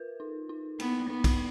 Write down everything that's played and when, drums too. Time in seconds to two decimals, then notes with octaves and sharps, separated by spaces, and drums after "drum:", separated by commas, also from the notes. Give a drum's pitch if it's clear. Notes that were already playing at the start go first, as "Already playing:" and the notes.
Already playing: F4 A#4 B4
0.20 D#4
0.49 D#4
0.80 A#3 B3, drum: cymbal
1.10 B3 D#4
1.24 drum: kick, cymbal